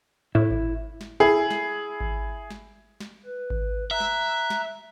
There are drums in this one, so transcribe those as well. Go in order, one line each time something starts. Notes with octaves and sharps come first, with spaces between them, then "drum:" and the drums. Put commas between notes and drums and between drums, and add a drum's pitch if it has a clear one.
A2 E4
drum: kick G#1
drum: snare
E4 G#4
drum: snare
drum: kick G#1
drum: snare
drum: snare
B4
drum: kick G#1
E5 A#5 F#6
drum: snare
drum: snare